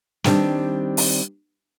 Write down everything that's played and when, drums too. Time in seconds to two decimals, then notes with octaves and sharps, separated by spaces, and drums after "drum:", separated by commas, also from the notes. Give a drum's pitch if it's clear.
0.24 D#3 G3 C4 D4, drum: snare
0.97 drum: open hi-hat